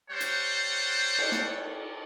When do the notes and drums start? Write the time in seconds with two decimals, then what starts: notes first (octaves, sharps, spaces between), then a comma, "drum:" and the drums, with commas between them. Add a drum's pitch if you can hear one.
0.10 G3 C5 C#5 F#5 G5 A5
0.20 drum: hi-hat
1.18 drum: cymbal
1.32 drum: snare